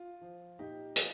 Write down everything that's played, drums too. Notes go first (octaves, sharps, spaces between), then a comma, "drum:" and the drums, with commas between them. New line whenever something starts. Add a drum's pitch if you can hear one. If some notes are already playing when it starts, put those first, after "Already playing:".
Already playing: F4
F3
A#2 D#4 G4
F3 F4 G#4, drum: hi-hat